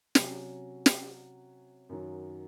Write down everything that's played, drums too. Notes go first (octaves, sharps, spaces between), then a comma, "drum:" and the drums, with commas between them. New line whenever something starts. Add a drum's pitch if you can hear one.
C3 F#3 C#4, drum: snare
drum: snare
F#2 D#3 F#3